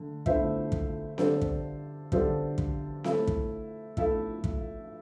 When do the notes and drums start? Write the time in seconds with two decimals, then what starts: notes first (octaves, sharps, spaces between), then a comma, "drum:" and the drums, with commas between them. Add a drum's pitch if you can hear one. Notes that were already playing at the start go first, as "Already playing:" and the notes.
Already playing: D3 A3
0.26 D3 A3 E4 C5 E5, drum: kick
0.72 drum: kick
1.18 D3 G3 D4 A4 C5, drum: snare C4
1.41 drum: kick
2.12 D3 G3 D4 A4 C5, drum: kick
2.58 drum: kick
3.04 A3 E4 A4 E5, drum: snare C4
3.27 drum: kick
3.97 A3 E4 A4 E5, drum: kick
4.44 drum: kick